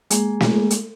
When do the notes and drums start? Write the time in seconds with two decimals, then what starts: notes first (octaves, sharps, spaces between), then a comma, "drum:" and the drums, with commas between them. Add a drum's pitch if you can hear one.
0.10 G#3 A#3 G#4, drum: hi-hat
0.40 drum: snare
0.70 drum: hi-hat